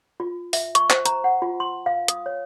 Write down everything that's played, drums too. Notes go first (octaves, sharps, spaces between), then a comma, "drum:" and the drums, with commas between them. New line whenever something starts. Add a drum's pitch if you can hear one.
F4
E5, drum: open hi-hat
C#6, drum: hi-hat
C5, drum: clap
A#5, drum: hi-hat
F#5
F4
C6
F5
D#6, drum: hi-hat
C#5